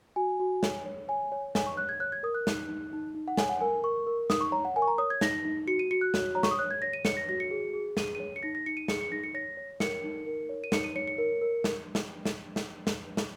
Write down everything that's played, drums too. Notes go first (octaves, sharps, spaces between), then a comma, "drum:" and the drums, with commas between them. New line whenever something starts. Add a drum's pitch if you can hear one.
F#4 G#5
F#4
C#5, drum: snare
C#5
C#5 G#5
C#5
C#5 G#5, drum: snare
C#6
C#5 F#6
G#6
C#5 F#6
G#6
A#4 D#6
F#6
D#4, drum: snare
D#4
D#4
D#4
F#5
C#5 G#5, drum: snare
F#5
A#4 G#5
A#4 C#6
A#4
D#4 D#6, drum: snare
C#6
C#5 A#5
F#5
A#4 G#5
C#6
A#5
C#5 D#6
G#6
D#4 A#6, drum: snare
D#4
F#4 C#7
D#7
F#4 C#7
F#6
C#5, drum: snare
C#5 A#5
C#6, drum: snare
D#6
C#5 F#6
G#6
C#5 A#6
D#7
C#5 C#7, drum: snare
A#6
F#4 A#6
C#7
G#4
G#4
G#4 D#7, drum: snare
C#5 D#7
C#7
D#4 A#6
A#6
D#4 C#7
D#7
G#4 C#7, drum: snare
C#7
D#4 A#6
C#7
C#5 A#6
C#5
A#4 C#7, drum: snare
D#4
A#4
C#5
D#7
D#4 C#7, drum: snare
D#7
C#5 C#7
C#7
A#4
A#4
drum: snare
drum: snare
drum: snare
drum: snare
drum: snare
drum: snare